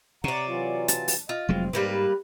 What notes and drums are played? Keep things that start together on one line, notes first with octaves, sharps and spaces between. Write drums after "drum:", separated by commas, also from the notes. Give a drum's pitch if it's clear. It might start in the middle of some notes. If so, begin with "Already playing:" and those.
C3 C#5 D5 F#5 A#5
E3 F#3 F4
A5, drum: hi-hat
drum: open hi-hat
F4 D#5
F1 F#3 G#3 C4
G#2 G3 A#3 B4